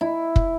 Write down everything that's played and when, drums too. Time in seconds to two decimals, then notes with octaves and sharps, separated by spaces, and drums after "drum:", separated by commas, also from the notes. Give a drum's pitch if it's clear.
0.01 E4
0.36 drum: kick